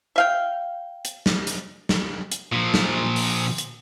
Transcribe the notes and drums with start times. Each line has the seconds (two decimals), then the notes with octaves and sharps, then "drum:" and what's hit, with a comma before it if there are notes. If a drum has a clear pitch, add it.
0.16 E5 F5 G5
1.05 drum: hi-hat
1.26 drum: snare
1.47 drum: hi-hat
1.89 drum: snare
2.32 drum: hi-hat
2.53 A#2 F3
2.74 drum: snare
3.16 drum: open hi-hat
3.58 drum: hi-hat